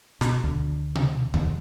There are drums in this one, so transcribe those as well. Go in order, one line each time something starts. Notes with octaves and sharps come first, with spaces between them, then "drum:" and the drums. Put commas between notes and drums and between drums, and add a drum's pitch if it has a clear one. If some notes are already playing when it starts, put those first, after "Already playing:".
B2, drum: snare
D2
drum: tom B2
D#2, drum: tom D#2